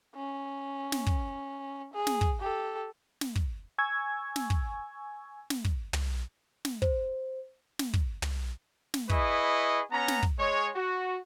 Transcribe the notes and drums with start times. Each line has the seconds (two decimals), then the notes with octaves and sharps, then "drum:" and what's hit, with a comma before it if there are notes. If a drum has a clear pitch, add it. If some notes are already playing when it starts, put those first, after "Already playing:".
0.15 C#4
0.92 drum: snare
1.06 drum: kick
1.93 G#4
2.07 drum: snare
2.21 drum: kick
2.40 G4 A4
3.21 drum: snare
3.35 drum: kick
3.78 G#5 C#6 E6 G#6
4.36 drum: snare
4.50 drum: kick
5.50 drum: snare
5.65 drum: kick
5.93 drum: tom
6.65 drum: snare
6.82 C5, drum: kick
7.79 drum: snare
7.94 drum: kick
8.22 drum: tom
8.94 drum: snare
9.09 E4 G#4 B4 D#5 C#6, drum: kick
9.92 B3 C#4 A#5
10.08 drum: snare
10.23 drum: kick
10.39 G#3 C#5
10.75 F#4